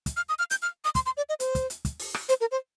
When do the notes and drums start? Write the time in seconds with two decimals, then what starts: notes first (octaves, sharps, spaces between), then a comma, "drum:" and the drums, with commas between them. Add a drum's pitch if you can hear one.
0.06 drum: kick, hi-hat
0.17 F6
0.29 D#6
0.39 F6
0.51 G6, drum: hi-hat
0.62 F6
0.85 D#6
0.95 C6, drum: kick, hi-hat
1.06 C6
1.17 D5
1.29 D#5
1.40 C5, drum: hi-hat
1.55 drum: kick, hi-hat
1.70 drum: hi-hat
1.85 drum: kick, hi-hat
2.00 drum: open hi-hat
2.14 drum: rim click
2.29 C5, drum: hi-hat
2.41 A#4
2.51 C5